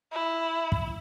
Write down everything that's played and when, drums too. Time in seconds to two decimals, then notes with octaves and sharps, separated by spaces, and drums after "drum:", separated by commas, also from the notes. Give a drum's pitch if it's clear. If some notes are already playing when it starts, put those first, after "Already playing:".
0.12 E4
0.72 drum: kick